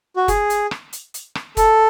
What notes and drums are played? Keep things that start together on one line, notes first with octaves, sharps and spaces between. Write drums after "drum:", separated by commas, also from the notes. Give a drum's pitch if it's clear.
F#4
G#4, drum: kick, hi-hat
drum: hi-hat
drum: rim click
drum: hi-hat
drum: hi-hat
drum: rim click
A4, drum: kick, hi-hat